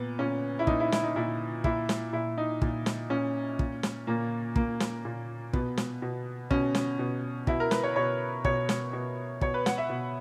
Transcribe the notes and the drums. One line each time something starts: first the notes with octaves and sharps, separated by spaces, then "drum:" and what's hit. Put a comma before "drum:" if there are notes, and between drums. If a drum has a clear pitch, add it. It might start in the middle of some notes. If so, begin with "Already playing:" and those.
Already playing: A#2 B3
A#2 C#4
E4
A#2 D#4, drum: kick
E4
E4, drum: snare
D#4
A#2 E4
A#2 E4, drum: kick
drum: snare
A#2 E4
D#4
A#2, drum: kick
drum: snare
A#2 C#4
A#2, drum: kick
drum: snare
A#2 A#3
A#2 A#3, drum: kick
drum: snare
A#2
B2 B3, drum: kick
drum: snare
B2
B2 C#4, drum: kick
drum: snare
B2
B2 E4, drum: kick
A#4
B4, drum: snare
C#5
B2 C#5
B2 C#5, drum: kick
drum: snare
B2
B2 C#5, drum: kick
B4
F#5, drum: snare
E5
B2